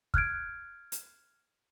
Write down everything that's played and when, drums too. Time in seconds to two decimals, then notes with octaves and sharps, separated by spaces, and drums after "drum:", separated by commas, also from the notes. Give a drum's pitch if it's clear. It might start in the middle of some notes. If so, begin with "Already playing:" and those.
0.14 F6 F#6 G#6 D7, drum: kick
0.92 drum: hi-hat